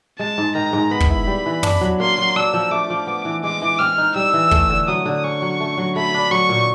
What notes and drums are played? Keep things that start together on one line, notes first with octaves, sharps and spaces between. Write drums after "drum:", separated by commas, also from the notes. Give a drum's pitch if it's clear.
G#3 A5
G#2
D#3 A#5
G#2
B3 B5
drum: kick
E4
G3
E3
D4, drum: tom
F#3
A#3 C6
F#3
D4 E6
F3
A3 D6
F3
B3
E3
G#3 D6
E3
C4 F6
D#4
G3 E6
E3
A3, drum: kick
D3
F#3 D#6
D3
C#4 C#6
F#3
A3
F#3
A3 B5
D4
F#3 C#6
A#2